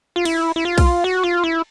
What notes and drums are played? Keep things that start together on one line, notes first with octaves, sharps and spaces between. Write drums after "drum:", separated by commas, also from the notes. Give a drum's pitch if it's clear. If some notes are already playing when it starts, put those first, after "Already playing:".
F4
E4, drum: cymbal
E4
F4
drum: kick B1, cymbal
F#4
F4
E4